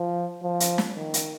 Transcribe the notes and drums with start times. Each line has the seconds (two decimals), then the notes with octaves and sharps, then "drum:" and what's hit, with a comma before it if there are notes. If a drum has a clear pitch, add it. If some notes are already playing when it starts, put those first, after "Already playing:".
Already playing: F3
0.43 F3
0.60 drum: hi-hat
0.78 drum: snare
0.96 D#3
1.14 drum: hi-hat